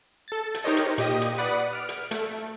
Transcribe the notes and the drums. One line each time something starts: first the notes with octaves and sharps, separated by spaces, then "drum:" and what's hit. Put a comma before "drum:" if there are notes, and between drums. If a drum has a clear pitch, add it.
A4 A6
drum: hi-hat
D#4 G4 A#4 C5 C#5 D#5
drum: hi-hat
A#2 G4 D#5 D#6, drum: hi-hat
drum: hi-hat
B4 D5 F#5 B5 D#6
F6 D7
drum: hi-hat
A3, drum: hi-hat